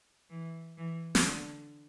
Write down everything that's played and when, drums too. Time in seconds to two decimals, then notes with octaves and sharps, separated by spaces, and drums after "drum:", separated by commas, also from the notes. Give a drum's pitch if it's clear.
0.30 E3
0.78 E3
1.15 drum: snare
1.24 D3